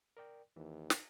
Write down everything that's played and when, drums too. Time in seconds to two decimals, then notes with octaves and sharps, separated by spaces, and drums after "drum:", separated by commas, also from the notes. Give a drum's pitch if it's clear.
0.17 A#4 D5 G5
0.56 D#2 E3
0.90 drum: snare